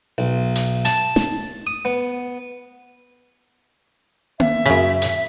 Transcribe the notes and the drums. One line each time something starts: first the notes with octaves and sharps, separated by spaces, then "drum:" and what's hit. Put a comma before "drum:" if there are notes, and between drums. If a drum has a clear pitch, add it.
B1
drum: hi-hat
A5, drum: hi-hat
drum: snare
D#6
B3
E5, drum: tom A#3
F#2 C#3 B6
drum: hi-hat